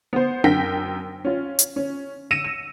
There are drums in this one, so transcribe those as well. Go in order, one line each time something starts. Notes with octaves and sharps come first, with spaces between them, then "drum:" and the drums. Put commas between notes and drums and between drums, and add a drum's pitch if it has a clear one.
B3 C5
F#2 A#4 G5 A#6 B6, drum: tom D4
C#4 F4
drum: hi-hat
C#4
E6 A#6 C#7 D#7 E7
E7